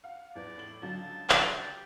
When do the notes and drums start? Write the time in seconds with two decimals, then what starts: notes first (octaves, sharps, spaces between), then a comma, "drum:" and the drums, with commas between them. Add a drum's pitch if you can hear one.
0.04 F5 F#5
0.36 E2 E3 D5
0.58 A2 F#7
0.82 C#2 D3 F#3 A5
1.30 drum: clap
1.63 G4